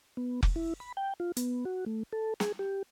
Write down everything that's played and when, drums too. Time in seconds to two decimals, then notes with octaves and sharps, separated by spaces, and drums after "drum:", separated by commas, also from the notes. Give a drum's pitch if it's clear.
0.17 B3
0.43 drum: kick F1
0.56 E4
0.80 B5
0.97 G5
1.20 F4
1.37 B3, drum: hi-hat
1.65 F#4
1.86 A3
2.13 A4
2.40 G#4, drum: snare
2.59 G4